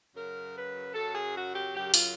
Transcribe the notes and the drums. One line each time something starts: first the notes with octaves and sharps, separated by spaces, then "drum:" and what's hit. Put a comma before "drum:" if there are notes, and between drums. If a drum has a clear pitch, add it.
F#2 C#3 F#3 A#4
B4
F#2 C#3 F#3 A4
G#4
F#4
G4
F#2 C#3 F#3 G4
F4, drum: open hi-hat